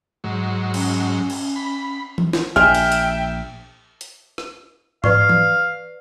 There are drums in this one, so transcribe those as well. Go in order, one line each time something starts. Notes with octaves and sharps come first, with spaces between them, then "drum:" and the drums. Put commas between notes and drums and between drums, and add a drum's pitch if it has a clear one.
G#2 F#3
C#4, drum: cymbal
drum: cymbal
B5
drum: tom E3
drum: snare E4
A#1 G#3 C5 E5 G5 G#5 F6
drum: cymbal
drum: hi-hat
drum: hi-hat
drum: rim click
B4 D5 F5 C#6, drum: tom G#2
drum: tom E3